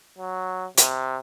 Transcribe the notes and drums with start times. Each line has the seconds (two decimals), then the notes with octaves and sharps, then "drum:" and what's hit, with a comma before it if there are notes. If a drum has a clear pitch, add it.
0.18 F#3
0.77 C3, drum: hi-hat